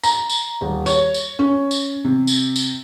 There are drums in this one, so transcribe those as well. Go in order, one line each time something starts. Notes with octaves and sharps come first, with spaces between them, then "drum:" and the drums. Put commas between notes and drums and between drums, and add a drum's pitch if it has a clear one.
A#5, drum: tambourine
drum: tambourine
D#1
C#5, drum: tambourine
drum: tambourine
C#4
drum: tambourine
C3
drum: tambourine
drum: tambourine